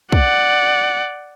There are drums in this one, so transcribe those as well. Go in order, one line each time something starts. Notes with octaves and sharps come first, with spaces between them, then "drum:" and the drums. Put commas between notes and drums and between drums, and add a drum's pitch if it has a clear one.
D5 F#5, drum: kick